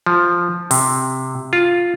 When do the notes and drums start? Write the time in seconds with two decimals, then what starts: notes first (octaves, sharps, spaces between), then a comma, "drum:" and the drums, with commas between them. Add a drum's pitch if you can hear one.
0.06 F3
0.71 C3, drum: open hi-hat
1.53 F4